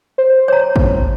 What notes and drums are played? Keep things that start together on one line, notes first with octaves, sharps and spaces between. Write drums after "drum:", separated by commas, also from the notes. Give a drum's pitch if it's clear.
C5
C#5 A#5
drum: kick G#1